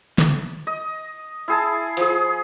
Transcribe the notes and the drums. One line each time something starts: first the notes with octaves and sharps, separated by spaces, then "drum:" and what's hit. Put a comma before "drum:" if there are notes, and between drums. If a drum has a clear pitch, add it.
drum: snare
D#5
E4 G#4 A5
F3 G#4, drum: open hi-hat